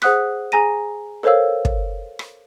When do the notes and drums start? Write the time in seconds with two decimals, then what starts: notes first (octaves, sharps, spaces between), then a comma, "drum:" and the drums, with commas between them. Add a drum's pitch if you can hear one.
0.02 G#4 C5 F#5 D#6 F#6 B6, drum: rim click
0.52 G#4 G#5 A#5 A#6 D#7
1.23 A4 A#4 C5 C#5 F5 E6
1.65 drum: kick
2.19 drum: rim click